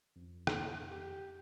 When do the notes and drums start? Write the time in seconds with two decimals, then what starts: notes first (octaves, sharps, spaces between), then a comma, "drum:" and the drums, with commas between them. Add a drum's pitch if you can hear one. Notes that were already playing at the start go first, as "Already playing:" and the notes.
0.16 F2
0.47 drum: rim click
0.89 G4